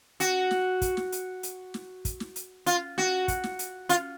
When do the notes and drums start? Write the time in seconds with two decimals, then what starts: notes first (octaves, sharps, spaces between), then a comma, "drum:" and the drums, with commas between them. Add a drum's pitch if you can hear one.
0.20 F#4, drum: hi-hat
0.51 drum: snare
0.82 drum: kick, hi-hat
0.97 drum: snare
1.12 drum: hi-hat
1.43 drum: hi-hat
1.74 drum: snare
2.05 drum: kick, hi-hat
2.20 drum: snare
2.36 drum: hi-hat
2.66 F4, drum: hi-hat
2.98 F#4, drum: snare
3.28 drum: kick, hi-hat
3.44 drum: snare
3.59 drum: hi-hat
3.89 F4, drum: hi-hat